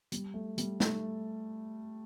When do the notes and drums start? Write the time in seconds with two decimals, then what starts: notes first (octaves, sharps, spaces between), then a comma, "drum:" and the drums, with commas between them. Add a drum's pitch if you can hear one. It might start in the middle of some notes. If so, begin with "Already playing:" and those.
0.12 G3, drum: hi-hat
0.34 A3
0.58 G3, drum: hi-hat
0.80 A3, drum: snare